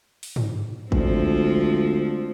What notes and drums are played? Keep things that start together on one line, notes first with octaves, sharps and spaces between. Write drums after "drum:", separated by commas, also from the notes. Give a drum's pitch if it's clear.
drum: open hi-hat
drum: tom
D2 F3 G#3 C4, drum: kick